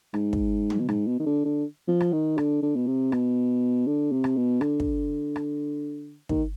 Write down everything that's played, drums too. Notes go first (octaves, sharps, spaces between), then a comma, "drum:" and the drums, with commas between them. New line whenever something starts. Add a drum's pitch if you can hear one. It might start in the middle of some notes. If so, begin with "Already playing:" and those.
G#2, drum: rim click
drum: kick
drum: tom
B2
G#2, drum: rim click
B2
D#3
D3
D3
F3
drum: rim click
D#3
D3, drum: rim click
D3
B2
C3
B2, drum: rim click
D3
C3
drum: rim click
B2
D3, drum: rim click
drum: kick
drum: rim click
D#3, drum: kick